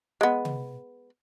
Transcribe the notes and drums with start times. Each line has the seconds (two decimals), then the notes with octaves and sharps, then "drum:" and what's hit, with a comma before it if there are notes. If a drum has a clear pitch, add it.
0.21 G#3 B3
0.45 drum: tom C3